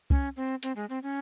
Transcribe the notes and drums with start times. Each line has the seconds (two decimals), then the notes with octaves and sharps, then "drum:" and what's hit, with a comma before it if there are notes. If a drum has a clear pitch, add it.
0.10 C#4, drum: kick C2
0.36 C4
0.63 C4, drum: hi-hat
0.76 G#3
0.90 C4
1.03 C#4